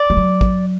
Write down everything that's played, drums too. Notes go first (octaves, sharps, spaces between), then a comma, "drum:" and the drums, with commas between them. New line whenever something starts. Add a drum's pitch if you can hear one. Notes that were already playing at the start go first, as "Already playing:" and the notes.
Already playing: D5
G3
F#3
drum: kick